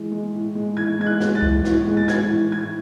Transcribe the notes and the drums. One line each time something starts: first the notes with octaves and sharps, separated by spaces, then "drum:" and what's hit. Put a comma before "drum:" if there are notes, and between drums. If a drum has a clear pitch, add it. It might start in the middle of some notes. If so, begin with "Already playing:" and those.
Already playing: E3 G#3
G#3
A2
G#3
E3 G#6
G#3 G#6
F#6
G#3, drum: snare
A6
E3, drum: kick C#2
A2, drum: snare
G#3
A6
A2 G#6, drum: snare
E3
A2 G#6